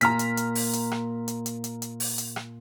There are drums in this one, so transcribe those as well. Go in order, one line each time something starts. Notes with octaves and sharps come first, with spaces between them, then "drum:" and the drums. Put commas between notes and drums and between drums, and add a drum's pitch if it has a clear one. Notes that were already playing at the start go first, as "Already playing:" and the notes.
A#2 A#5 F6 B6, drum: hi-hat
drum: hi-hat
drum: hi-hat
drum: open hi-hat
drum: hi-hat
drum: rim click
drum: hi-hat
drum: hi-hat
drum: hi-hat
drum: hi-hat
drum: open hi-hat
drum: hi-hat
drum: rim click